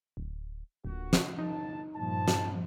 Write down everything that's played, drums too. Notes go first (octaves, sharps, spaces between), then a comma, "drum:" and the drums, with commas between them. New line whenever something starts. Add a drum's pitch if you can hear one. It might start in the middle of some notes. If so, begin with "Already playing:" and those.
D1
D1 A#2 D3 F#4
drum: snare
G1 D#4 A5
G2 A#2 F3 A5
drum: snare